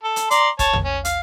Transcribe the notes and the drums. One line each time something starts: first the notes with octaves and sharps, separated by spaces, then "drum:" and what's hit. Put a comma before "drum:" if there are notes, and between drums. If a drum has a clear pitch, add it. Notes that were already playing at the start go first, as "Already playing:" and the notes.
A4
drum: hi-hat
D5 A#5 C6, drum: hi-hat
C#5 A5, drum: kick, hi-hat
drum: tom
C#4
F5, drum: hi-hat